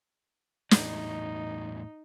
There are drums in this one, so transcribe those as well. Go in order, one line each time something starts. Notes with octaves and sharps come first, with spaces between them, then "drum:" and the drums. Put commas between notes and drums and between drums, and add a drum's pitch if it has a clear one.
E2 A2 F#3 D#4, drum: snare